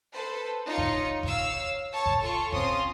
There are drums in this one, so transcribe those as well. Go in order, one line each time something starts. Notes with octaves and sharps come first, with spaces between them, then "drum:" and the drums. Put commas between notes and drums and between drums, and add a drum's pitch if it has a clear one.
A4 B4 C5 A5
D#4 F4 C#5 C#7
drum: kick F#1
C#5 F5 E6, drum: kick F#1
C#5 A5 C#6
drum: kick F#1
F4 A4 C#6
C4 C#4 F4 C6 D#6, drum: kick F#1